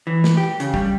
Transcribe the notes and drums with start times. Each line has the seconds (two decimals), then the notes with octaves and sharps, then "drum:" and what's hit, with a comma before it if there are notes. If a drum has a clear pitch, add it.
0.07 E3
0.24 drum: snare
0.37 G4
0.60 C#3, drum: hi-hat
0.74 G3, drum: kick